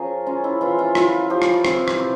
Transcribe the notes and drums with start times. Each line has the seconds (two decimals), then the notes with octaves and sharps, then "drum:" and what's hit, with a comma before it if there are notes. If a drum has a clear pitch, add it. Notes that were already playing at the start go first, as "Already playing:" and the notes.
Already playing: F3 C#4 G#4 A#4 C#5
0.27 C#4 F4
0.44 E4
0.61 E3 F4
0.79 F4
0.95 E4 F4, drum: rim click
1.30 F3 G4
1.42 drum: rim click
1.65 C4, drum: rim click
1.88 drum: rim click
2.00 C3